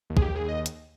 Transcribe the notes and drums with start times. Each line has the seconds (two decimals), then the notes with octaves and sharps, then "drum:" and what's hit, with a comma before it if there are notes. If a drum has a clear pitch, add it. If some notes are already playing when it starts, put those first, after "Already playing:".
0.10 D#2
0.17 G#4, drum: kick
0.22 G4
0.34 D#2 G#4
0.48 D#5
0.66 drum: hi-hat